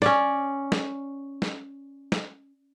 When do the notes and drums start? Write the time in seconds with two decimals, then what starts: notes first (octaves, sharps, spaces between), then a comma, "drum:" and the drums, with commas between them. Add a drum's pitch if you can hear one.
0.02 C#4 D5, drum: snare
0.72 drum: snare
1.42 drum: snare
2.12 drum: snare